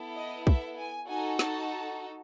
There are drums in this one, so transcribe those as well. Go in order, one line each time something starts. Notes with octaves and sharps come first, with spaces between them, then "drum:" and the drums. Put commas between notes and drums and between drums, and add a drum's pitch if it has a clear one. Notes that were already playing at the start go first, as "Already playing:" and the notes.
Already playing: B3 E4 A4
D#5
E5, drum: kick
G#5
D#4 F#4 A4 G#5
A5, drum: snare